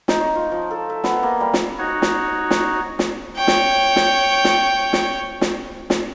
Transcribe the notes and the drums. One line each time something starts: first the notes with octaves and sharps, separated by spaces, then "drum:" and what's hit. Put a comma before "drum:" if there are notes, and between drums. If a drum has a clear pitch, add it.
D#4, drum: snare
C#5
F4
F3
A4
E5
B3, drum: snare
A#3
G3
drum: snare
D#4 F#4 C#5
drum: snare
drum: snare
drum: snare
C#5 G5
drum: snare
drum: snare
drum: snare
drum: snare
drum: snare
drum: snare